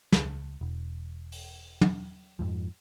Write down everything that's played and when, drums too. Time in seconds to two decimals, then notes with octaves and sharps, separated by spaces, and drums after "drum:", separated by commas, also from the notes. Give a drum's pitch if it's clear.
0.12 C#2, drum: snare
0.61 E1
1.32 drum: open hi-hat
1.81 drum: tom
2.39 F2 G#2 F3